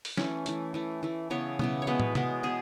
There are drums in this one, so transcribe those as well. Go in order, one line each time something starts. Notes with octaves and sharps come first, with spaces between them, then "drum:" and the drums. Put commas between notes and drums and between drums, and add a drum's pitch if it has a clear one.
drum: open hi-hat
E3 A3 C#4, drum: snare
E3 A3, drum: hi-hat
E3 A3
E3 A3
C#3 E3 B3 C#5
C#3 E3 B3, drum: tom
C#5
B2 G#3 B3 B4
drum: tom
B2 G#3 B3, drum: tom C3
B2 G#4